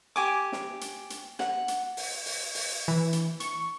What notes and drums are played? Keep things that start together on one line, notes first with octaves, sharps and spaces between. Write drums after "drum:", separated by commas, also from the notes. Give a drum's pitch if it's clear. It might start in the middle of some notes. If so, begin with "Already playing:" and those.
G4 G#5 D6
drum: snare
drum: hi-hat
drum: hi-hat
F#5, drum: snare
drum: hi-hat
drum: open hi-hat
drum: open hi-hat
drum: open hi-hat
E3
drum: hi-hat
C#6, drum: hi-hat